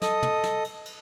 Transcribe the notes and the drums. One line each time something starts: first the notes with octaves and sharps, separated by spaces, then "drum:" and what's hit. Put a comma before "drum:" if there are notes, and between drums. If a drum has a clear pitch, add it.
A4 D#5 D#6, drum: snare
drum: tom
drum: snare
drum: cymbal
drum: cymbal